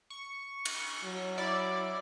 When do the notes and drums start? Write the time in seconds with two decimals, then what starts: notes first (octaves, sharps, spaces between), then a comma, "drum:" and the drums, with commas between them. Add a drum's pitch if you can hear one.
0.10 C#6
0.65 drum: cymbal
1.05 F#3
1.38 E4 D5